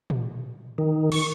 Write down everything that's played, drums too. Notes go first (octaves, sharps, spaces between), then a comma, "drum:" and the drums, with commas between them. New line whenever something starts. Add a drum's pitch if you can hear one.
drum: tom
D#3
C#6, drum: cymbal